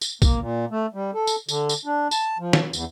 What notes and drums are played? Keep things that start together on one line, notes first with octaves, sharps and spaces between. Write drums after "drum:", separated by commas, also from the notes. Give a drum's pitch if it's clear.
drum: tambourine
A#3, drum: kick A#1, tambourine
A#2
A3
G3
A4
drum: tambourine
D3, drum: tambourine
drum: tambourine
D4
A5, drum: tambourine
F3
drum: snare
E2, drum: tambourine